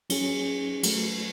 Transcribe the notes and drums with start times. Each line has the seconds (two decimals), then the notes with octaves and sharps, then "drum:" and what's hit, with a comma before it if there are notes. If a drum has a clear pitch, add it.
0.10 F#3 C#4 G#4, drum: cymbal
0.83 F#3 A3, drum: cymbal